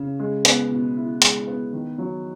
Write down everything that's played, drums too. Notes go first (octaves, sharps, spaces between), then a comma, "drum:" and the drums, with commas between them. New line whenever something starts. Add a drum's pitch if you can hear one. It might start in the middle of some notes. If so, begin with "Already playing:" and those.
Already playing: C#3
G#3
B3, drum: hi-hat
B2
E4
G#3, drum: hi-hat
B3
D#3
F#3